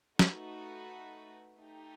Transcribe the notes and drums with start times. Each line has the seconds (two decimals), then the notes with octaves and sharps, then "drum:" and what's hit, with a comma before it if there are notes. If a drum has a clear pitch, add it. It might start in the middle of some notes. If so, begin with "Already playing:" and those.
0.19 A3 D#4 F#4 B4, drum: snare
1.59 A3 D#4 G4